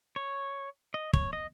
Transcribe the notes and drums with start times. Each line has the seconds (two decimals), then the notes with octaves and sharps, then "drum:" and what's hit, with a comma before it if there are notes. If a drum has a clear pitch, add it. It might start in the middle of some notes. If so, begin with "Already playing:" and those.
0.16 C#5
0.94 D#5
1.13 C#5, drum: kick
1.33 D#5